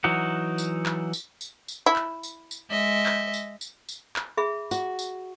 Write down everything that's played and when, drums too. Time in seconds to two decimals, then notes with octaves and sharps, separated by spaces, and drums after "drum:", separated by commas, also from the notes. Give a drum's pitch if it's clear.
0.04 E3 F#3 D#4 F#5
0.58 drum: tambourine
0.86 drum: clap
1.13 drum: tambourine
1.41 drum: tambourine
1.68 drum: tambourine
1.86 E4
1.96 drum: clap
2.23 drum: tambourine
2.51 drum: tambourine
2.70 G#3 D#5 E5
3.06 drum: clap
3.34 drum: tambourine
3.61 drum: tambourine
3.89 drum: tambourine
4.16 drum: clap
4.37 G#4 E5 B5
4.71 F#4, drum: tambourine
4.99 drum: tambourine